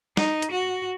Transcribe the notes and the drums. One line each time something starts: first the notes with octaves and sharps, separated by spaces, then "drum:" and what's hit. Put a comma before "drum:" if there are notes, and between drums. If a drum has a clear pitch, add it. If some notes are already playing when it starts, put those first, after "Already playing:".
D#4, drum: snare
drum: hi-hat
F#4